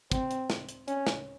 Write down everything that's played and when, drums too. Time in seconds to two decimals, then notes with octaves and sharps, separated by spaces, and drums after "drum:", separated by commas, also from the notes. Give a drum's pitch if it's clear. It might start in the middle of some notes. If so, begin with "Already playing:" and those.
0.12 C4, drum: kick, hi-hat
0.31 drum: hi-hat
0.50 drum: snare
0.69 drum: hi-hat
0.88 C#4, drum: hi-hat
1.07 drum: snare